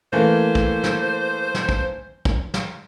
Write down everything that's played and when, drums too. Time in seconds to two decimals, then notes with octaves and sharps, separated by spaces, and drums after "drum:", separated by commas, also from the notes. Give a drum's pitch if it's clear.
0.13 E3 A3 A#3 C5
0.55 drum: kick
0.84 drum: snare
1.54 drum: snare
1.69 drum: kick
2.25 drum: kick
2.54 drum: snare